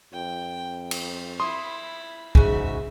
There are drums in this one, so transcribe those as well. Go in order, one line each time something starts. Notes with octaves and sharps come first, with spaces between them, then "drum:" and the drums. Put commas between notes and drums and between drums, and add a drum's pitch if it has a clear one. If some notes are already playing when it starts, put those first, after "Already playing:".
F2 G5
drum: cymbal
E4 B5 C6 D#6
G#2 C#3 F#4 E5, drum: kick B1